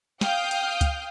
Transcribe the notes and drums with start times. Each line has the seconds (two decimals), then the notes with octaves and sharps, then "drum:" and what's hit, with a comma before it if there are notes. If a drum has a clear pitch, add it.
0.21 F5 G5 D#6 F6 G6, drum: snare
0.51 drum: hi-hat
0.81 drum: kick C#2, hi-hat